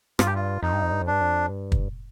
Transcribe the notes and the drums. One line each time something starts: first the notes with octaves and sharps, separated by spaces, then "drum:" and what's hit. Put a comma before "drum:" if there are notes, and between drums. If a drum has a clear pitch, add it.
G2 F4, drum: rim click
G4
F4
F2 D#4
G2
F2
G2
F2
G2 D4
F2
G2
drum: kick